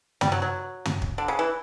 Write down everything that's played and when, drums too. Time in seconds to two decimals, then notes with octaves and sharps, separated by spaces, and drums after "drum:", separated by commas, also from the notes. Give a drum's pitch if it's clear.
0.21 G3, drum: tom
0.32 F#3
0.42 F#3
0.85 drum: tom
1.02 drum: kick
1.18 D3
1.28 C#3
1.39 E3